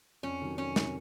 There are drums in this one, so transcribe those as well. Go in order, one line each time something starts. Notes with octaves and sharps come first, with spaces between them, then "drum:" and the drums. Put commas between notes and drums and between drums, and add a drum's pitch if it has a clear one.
F2 C#4
C3 D#3 F#3
F2 C#4
C3 D#3 F#3, drum: snare